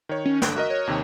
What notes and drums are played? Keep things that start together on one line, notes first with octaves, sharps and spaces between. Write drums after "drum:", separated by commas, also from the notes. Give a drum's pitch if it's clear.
D#3 C#5
C#4
G1 D3 G5 F#6, drum: snare
F#4 A#4 D#5 E5
C#5
D#2 C3 D#3